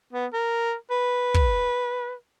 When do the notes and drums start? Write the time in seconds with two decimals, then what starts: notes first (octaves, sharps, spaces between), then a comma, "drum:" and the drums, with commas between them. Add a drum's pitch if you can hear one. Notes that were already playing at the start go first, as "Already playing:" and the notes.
0.13 B3
0.33 A#4
0.91 B4
1.34 drum: kick